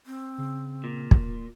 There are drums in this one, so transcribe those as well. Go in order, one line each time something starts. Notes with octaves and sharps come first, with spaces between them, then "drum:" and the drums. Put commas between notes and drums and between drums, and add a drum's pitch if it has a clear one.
C4
C#3
A#2
drum: kick